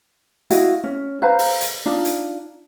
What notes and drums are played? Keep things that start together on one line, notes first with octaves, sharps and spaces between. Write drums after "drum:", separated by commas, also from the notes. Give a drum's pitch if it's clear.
E4 F#4 D#5 F5, drum: hi-hat
C#4
B4 C5 F5 A#5
drum: open hi-hat
drum: hi-hat
D4 D#4 F4
drum: hi-hat